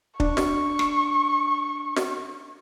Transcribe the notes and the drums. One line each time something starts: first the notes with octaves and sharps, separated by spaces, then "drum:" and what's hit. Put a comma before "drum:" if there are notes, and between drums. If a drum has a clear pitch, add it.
D4 C#6, drum: kick
drum: snare
drum: rim click
drum: snare